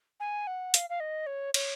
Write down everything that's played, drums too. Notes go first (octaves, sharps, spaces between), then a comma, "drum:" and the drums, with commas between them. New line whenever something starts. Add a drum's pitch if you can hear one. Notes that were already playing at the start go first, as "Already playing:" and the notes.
G#5
F#5
F5, drum: hi-hat
F5
D#5
C#5
C#5, drum: cymbal